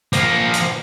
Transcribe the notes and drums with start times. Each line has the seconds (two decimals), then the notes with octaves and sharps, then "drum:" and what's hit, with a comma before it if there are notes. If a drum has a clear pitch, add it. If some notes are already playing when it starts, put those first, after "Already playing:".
0.13 F3 A#3, drum: hi-hat
0.54 drum: hi-hat